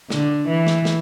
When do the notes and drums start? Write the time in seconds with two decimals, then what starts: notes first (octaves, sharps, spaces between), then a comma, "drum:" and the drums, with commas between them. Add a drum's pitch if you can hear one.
0.10 D3, drum: snare
0.48 E3
0.67 drum: snare
0.85 drum: snare